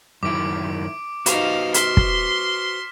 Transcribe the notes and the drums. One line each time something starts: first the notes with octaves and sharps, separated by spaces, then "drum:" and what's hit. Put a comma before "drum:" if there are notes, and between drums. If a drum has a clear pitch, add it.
F#2 D#3 E4 D6 D7
D#4 F#4 B4 C5 F5 E7, drum: hi-hat
C6 F6 B6, drum: hi-hat
drum: kick